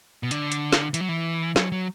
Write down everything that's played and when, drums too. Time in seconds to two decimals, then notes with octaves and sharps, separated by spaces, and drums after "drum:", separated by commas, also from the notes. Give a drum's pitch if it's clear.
0.23 B2
0.31 D3, drum: hi-hat
0.52 drum: hi-hat
0.73 drum: snare
0.94 E3, drum: hi-hat
1.00 F#3
1.09 E3
1.56 F#3, drum: snare
1.72 F#3